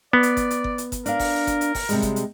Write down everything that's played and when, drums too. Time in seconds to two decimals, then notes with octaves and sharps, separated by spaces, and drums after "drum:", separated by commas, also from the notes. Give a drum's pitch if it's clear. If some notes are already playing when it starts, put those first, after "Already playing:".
0.13 B3 D5
0.23 drum: hi-hat
0.37 drum: kick G1, hi-hat
0.51 drum: hi-hat
0.64 drum: kick G1
0.78 drum: hi-hat
0.92 drum: kick G1, hi-hat
1.06 D4 A#4 F5, drum: hi-hat
1.19 drum: kick G1, open hi-hat
1.47 drum: kick G1, hi-hat
1.61 drum: hi-hat
1.75 drum: kick G1, open hi-hat
1.89 C3 G3 G#3, drum: hi-hat
2.02 drum: kick G1, hi-hat
2.16 drum: hi-hat